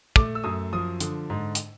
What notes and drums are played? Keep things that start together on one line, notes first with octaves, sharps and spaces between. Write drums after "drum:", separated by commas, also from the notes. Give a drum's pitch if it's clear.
A3 D6, drum: kick
E6
F#2 D#6
F3 D#6
D3, drum: hi-hat
G#2
drum: hi-hat